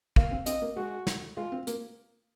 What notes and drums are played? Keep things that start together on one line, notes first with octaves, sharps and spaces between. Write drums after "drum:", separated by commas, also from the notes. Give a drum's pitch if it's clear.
A#3 F5, drum: kick
C4
C4 D#5, drum: hi-hat
A#3
G#3 F#4
drum: snare
G#3 F4
C4
A#3, drum: hi-hat